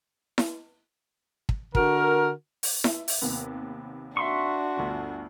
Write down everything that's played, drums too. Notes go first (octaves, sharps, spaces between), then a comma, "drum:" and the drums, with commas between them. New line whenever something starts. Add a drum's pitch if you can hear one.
drum: snare E4
drum: kick
D3 F#4 A#4, drum: kick
drum: open hi-hat
E5, drum: snare E4
drum: open hi-hat
D#2 C3 B3
D4 F#4 E5 C6 C#6
G1 D2